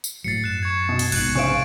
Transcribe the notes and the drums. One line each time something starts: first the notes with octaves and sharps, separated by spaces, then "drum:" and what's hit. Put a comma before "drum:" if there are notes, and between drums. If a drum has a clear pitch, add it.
drum: tambourine
A2 F#3 A6 C7 C#7
F#2 F#6 E7
C#6 G#6
B2
drum: open hi-hat
A#1 G#2 C3 F#6 F#7, drum: cymbal
C#3 C5 F5 C#6 D7